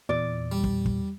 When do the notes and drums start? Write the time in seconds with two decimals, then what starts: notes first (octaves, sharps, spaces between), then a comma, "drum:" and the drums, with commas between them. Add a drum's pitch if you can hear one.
0.09 E2 A#2 D5
0.52 G3
0.64 drum: kick
0.86 drum: kick